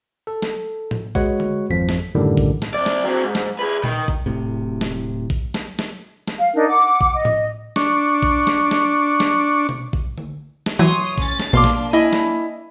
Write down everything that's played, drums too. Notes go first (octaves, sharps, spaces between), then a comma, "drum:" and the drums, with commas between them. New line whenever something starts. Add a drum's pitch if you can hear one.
A4
drum: snare
drum: tom A2
G#3 F#4 B4 C#5 F#5, drum: kick A1
drum: tom D3
G#1 F2 F3 B6
drum: snare
F#2 A2 D3 D#3 G3
drum: kick A1
drum: snare
C4 D5
drum: snare
F#3 C4
G#2
drum: snare
G#4 B4
D#3, drum: tom A#2
drum: kick A1
D1 A2 C3
drum: snare
drum: kick A1
drum: snare
drum: snare
drum: snare
F5
D4 D#4 A#4 D#5
F#5 D6
drum: kick A1
D#5
drum: tom A2
D4 C#6, drum: snare
drum: kick A1
drum: snare
drum: snare
drum: snare
drum: tom B2
drum: kick A1
drum: tom D3
drum: snare
E3 F#3 C#5 C6 D#6
A1 C#4 A6, drum: kick A1
drum: snare
A#1 B2 A#3 D4 F5 C6 D6
drum: snare
E4 D#5 G#5 B5
drum: snare